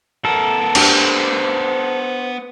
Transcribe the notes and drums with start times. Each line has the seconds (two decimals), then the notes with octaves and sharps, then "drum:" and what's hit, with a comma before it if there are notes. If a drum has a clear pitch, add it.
0.25 B3 A4 A#4
0.75 D4 G4 C5, drum: cymbal